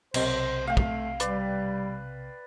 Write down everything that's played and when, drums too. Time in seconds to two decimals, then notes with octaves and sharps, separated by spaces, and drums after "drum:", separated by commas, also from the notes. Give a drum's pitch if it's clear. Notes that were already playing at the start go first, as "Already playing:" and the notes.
0.14 B1 C3 C5, drum: cymbal
0.67 A3 F5 G5
0.77 drum: kick
1.20 G3 B4 D5, drum: hi-hat